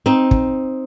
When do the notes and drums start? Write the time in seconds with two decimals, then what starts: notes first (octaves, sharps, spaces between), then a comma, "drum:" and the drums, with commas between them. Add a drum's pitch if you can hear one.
0.06 C4 D#4
0.31 drum: kick